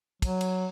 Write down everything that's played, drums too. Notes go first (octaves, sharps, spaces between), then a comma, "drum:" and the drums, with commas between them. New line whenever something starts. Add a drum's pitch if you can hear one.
F#3, drum: kick, cymbal
drum: cymbal